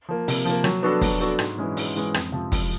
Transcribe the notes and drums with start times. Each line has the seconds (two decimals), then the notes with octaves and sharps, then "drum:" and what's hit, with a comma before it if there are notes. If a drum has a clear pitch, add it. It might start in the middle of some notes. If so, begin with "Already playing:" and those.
0.09 F3 A#3
0.28 C3, drum: open hi-hat
0.45 F3 A#3
0.64 F#3, drum: rim click
0.83 B3 D4 F#4 A4
1.01 F#3, drum: kick, open hi-hat
1.20 B3 D4 F#4 A4
1.39 G#2, drum: rim click
1.58 E3 G#3 C#4
1.77 G#2, drum: open hi-hat
1.96 E3 G#3 C#4
2.14 F2, drum: rim click
2.32 C3 F3
2.52 F2, drum: kick, open hi-hat